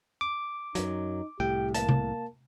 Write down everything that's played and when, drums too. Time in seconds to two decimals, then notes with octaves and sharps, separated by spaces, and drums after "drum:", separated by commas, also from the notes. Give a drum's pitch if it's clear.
0.21 D6
0.75 F#2 F#3 D#4, drum: hi-hat
1.40 C2 A2 G4 G5
1.75 A#3 A5, drum: hi-hat
1.89 drum: tom C3